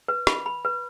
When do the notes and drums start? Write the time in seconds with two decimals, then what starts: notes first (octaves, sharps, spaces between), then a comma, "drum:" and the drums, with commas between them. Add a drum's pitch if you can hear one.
0.08 B4
0.27 B5, drum: rim click
0.46 B5
0.65 B4